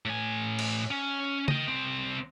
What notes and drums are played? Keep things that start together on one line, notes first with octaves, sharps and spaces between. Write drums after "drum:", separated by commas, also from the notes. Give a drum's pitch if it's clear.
A2 G#5
drum: cymbal
C#4
D#5 G5, drum: tom C#3
C2 C4